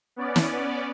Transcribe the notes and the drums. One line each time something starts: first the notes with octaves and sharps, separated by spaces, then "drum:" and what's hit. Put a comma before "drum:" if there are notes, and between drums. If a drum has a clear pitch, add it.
B3 C#4 D5
drum: snare